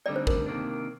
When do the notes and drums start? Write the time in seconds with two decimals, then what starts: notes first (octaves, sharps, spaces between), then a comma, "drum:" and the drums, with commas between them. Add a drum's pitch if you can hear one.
0.06 D2 D3 G3 C4 D#4 D5
0.16 C5
0.27 A#4, drum: kick
0.46 C3 D#3 A#3 D4